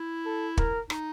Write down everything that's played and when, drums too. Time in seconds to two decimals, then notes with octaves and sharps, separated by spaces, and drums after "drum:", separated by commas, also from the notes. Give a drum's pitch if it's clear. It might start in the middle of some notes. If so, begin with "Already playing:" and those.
Already playing: E4
0.26 A4
0.57 A#4, drum: kick
0.90 D#4, drum: rim click